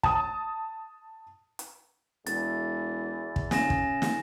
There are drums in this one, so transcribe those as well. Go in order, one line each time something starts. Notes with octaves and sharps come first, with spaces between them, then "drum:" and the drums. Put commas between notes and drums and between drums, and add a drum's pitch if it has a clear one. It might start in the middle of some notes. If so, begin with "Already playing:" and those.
A5 D#6, drum: kick
drum: hi-hat
E1 E2 A6, drum: hi-hat
drum: kick
C#3 G#5 A#6 E7, drum: snare
drum: kick
drum: snare